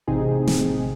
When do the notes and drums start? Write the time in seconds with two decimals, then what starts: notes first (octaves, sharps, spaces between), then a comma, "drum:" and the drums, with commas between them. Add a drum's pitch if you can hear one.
0.07 A1 C3 C4 D#4 G#4
0.47 drum: snare